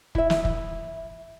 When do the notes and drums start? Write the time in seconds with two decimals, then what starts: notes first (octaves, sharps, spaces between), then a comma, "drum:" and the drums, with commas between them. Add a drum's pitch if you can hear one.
0.15 E4 E5, drum: kick
0.30 drum: snare
0.45 drum: kick